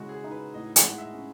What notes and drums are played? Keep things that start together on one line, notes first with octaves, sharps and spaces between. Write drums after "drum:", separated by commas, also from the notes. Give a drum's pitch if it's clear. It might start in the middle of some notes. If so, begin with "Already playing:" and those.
Already playing: C#3 G#3 E4 F#4
G#4
D#4
B4
A2 D#5
F#5, drum: hi-hat
G#3
E5
C#4